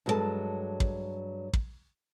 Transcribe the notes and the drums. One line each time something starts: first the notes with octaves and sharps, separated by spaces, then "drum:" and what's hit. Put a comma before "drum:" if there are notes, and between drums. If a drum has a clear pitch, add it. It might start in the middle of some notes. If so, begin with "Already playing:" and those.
G2 F#3 G#3 F#4 A4 A5
drum: kick
drum: kick